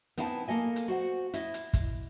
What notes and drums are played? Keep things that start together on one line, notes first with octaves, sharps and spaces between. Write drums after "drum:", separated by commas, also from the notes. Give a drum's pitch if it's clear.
B3 C4 D#4 E4 G#5 A5, drum: hi-hat
A#3 A4 D#5 G#5
drum: hi-hat
F#4 C5 F#5
E4 D#5, drum: hi-hat
drum: hi-hat
drum: kick, hi-hat